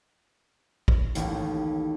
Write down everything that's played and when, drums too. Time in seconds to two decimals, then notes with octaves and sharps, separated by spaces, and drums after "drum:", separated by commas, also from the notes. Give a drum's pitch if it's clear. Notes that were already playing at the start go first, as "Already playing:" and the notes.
0.88 drum: kick
1.15 A1 D#2, drum: hi-hat